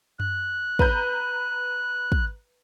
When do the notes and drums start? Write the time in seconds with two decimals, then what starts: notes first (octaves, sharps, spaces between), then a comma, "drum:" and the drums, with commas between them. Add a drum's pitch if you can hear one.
0.20 F#6, drum: tom F#2
0.79 B4 A#5 G6, drum: kick
2.12 drum: kick